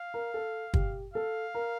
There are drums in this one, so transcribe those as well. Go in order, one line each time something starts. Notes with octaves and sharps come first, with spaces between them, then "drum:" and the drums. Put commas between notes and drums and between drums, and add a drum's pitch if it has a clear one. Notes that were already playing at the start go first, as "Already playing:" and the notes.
Already playing: F5
A#4
A4
G4, drum: kick
A4 F5
A#4